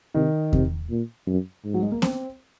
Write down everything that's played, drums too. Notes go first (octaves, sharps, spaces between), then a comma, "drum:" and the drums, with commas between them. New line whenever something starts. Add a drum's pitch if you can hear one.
C3 D#3
C3, drum: kick E2
A#2
F#2
G#2
F#3
G#3
A#3
C4, drum: snare B3